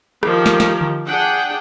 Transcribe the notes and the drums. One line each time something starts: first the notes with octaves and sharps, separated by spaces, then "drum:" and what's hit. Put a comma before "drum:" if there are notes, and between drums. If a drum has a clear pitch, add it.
D#3 F3 G4 A#4, drum: rim click
drum: snare
drum: snare
drum: tom D3
D4 G#4 F#5 G5